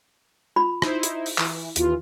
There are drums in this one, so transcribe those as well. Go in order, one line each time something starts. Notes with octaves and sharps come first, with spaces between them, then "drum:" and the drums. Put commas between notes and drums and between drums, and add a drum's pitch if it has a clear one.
F4 B5
D#4 E4 C5, drum: rim click
drum: hi-hat
drum: open hi-hat
E3, drum: clap
D#2 E3 F4, drum: hi-hat